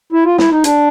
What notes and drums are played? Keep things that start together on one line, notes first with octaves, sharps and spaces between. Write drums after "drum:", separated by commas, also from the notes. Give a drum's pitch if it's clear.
E4
F4
E4, drum: snare
D#4
D4, drum: hi-hat